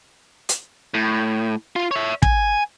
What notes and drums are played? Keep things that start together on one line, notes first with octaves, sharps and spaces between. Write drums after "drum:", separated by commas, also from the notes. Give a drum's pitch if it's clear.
drum: hi-hat
A2
F4
C#5 E5
G#5, drum: kick